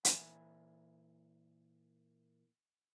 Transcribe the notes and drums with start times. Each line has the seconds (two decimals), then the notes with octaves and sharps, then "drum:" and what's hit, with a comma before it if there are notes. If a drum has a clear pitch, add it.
0.05 A#2 E3 E5 G#5 B5, drum: hi-hat